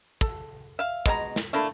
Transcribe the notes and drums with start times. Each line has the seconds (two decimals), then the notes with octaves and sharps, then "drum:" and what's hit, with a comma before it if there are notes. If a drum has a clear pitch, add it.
0.21 A4, drum: kick
0.79 E5 F5
1.06 B2 G#3 C#4 A#5, drum: kick
1.36 drum: snare
1.53 A3 A#3 D4 E4